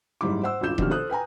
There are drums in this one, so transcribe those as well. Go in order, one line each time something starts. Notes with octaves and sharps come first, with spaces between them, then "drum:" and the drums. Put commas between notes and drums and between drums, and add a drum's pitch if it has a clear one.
F#1 G#2 G3 E4 D6
C5 F#5 E6
G#1 C#2 G2 F4 G6 E7
A#1 F#2 B2 D#3 G4 F6, drum: kick E1
A4 C5 D#6 F#6
B4 G5 G#5 A#5